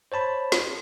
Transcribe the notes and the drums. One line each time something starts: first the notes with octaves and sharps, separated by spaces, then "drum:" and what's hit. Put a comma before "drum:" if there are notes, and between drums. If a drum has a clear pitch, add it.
C5 C#5 A5 B5
drum: snare